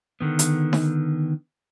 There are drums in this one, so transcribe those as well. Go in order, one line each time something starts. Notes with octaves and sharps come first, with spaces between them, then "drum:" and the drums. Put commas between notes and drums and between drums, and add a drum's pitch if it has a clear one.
D3 D#3 B3
drum: hi-hat
drum: snare D#4